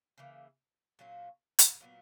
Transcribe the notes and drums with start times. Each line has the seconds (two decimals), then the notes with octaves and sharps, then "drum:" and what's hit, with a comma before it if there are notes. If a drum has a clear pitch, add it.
0.18 C#3 E3 A#3
0.99 A#2 F#3 A#3 C#4
1.59 drum: hi-hat
1.81 A#2 F#3 B3